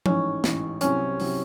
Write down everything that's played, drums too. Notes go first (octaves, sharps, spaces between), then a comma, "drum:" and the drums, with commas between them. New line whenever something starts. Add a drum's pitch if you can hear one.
A1 G#2 E3 C#4, drum: tom F3
A1 G#2 E3, drum: snare
C2 C3 F#3 C4 C#4 E4, drum: hi-hat
C3 F#3 C4 E4, drum: open hi-hat